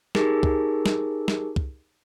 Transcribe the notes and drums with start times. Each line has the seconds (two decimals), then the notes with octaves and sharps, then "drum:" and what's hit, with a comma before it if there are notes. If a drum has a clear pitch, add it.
0.15 D#4 G4 G#4 A#4, drum: snare
0.43 drum: kick
0.86 drum: snare
1.28 drum: snare
1.56 drum: kick